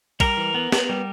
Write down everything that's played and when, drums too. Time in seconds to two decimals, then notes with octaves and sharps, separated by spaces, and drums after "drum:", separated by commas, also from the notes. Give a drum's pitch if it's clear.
0.20 G3 A#4, drum: kick, cymbal
0.37 E3
0.54 B3
0.72 B3, drum: snare
0.89 G3